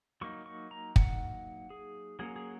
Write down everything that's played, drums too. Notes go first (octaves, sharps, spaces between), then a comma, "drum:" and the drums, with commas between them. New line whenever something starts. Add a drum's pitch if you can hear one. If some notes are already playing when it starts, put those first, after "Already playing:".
F#3 A#3 D#4 C#6
C#6
A#5
F#5, drum: kick
G#4
F#3 A#3 C#4 G#4
G#4